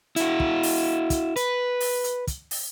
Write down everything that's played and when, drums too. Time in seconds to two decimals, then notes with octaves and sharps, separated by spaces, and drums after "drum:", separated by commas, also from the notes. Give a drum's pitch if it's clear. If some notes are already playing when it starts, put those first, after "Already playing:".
0.16 E4 F#4, drum: hi-hat
0.40 drum: kick
0.63 drum: open hi-hat
1.10 drum: kick, hi-hat
1.36 B4, drum: hi-hat
1.80 drum: open hi-hat
2.04 drum: hi-hat
2.27 drum: kick, hi-hat
2.51 drum: open hi-hat